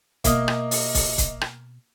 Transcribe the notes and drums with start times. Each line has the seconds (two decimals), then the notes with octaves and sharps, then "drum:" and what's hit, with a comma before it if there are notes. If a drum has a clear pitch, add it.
0.24 B2 A#3 D#5 E5 D#6, drum: kick, hi-hat
0.48 drum: rim click
0.71 drum: open hi-hat
0.95 drum: kick, open hi-hat
1.18 drum: kick, hi-hat
1.41 drum: rim click